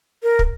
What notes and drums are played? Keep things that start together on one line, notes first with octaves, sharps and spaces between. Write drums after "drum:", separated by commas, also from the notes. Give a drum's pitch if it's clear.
A#4
drum: kick